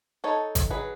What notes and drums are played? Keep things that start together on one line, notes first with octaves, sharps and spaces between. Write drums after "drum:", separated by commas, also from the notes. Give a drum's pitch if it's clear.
D#4 A4 C#5
drum: kick G#1, hi-hat
F#3 G#4 B4